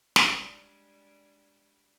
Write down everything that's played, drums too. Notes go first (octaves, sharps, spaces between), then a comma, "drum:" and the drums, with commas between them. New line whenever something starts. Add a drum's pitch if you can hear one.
G3 G#3 D4, drum: snare